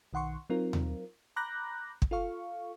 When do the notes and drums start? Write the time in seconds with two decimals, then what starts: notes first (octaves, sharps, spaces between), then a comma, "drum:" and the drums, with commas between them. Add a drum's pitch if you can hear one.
0.13 B1 D#3 F#5 C6 C#6
0.50 F#3 C4 D#4 F4 A#4
0.73 drum: tom D#2
1.36 A#5 B5 D6 F#6 G6 A#6
2.02 drum: kick
2.11 F4 A4 F5 C#6